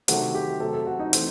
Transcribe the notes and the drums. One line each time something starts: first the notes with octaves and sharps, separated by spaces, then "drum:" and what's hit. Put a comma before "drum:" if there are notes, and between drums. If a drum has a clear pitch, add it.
C3 D#3 F#3 A3 C4 F#4, drum: hi-hat
G4
C3 F#3 A3 C4 A4
A4
F#4
D#4
E3 A3 C4, drum: hi-hat